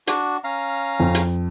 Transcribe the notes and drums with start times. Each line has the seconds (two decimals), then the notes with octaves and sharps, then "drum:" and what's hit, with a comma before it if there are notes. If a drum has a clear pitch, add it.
0.07 D4 F#4, drum: hi-hat
0.44 C#4 F5 A#5
1.00 F2
1.15 drum: hi-hat